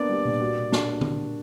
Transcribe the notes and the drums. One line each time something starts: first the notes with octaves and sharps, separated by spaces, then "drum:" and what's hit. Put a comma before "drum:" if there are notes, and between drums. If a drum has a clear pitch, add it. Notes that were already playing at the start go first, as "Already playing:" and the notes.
Already playing: A#3 B3 D4 D5
G3
A#2
F#4
B2
D4, drum: snare
drum: tom D3